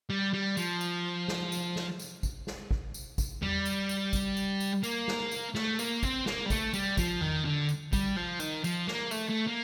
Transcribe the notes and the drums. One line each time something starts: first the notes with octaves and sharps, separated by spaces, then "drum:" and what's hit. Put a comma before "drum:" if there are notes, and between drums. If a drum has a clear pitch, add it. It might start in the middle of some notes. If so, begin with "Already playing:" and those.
G3
G3
F3, drum: tambourine
drum: tambourine
drum: snare
drum: tambourine
drum: snare
drum: tambourine
drum: kick, tambourine
drum: snare
drum: kick
drum: tambourine
drum: kick, tambourine
G3, drum: tom E2
drum: tambourine
drum: tambourine
drum: kick, tambourine
drum: tambourine
drum: tambourine
A#3, drum: tambourine
drum: snare
drum: tambourine
A3, drum: snare
A#3, drum: tambourine
C4, drum: kick, tambourine
A#3, drum: snare
G3
A3, drum: kick, tambourine
G3, drum: tambourine
F3, drum: kick, tambourine
D#3, drum: tom E2
D3
drum: tambourine
G3, drum: kick, tambourine
F3
D#3, drum: tambourine
F3, drum: tambourine
A#3, drum: snare
A3, drum: tambourine
A3
A#3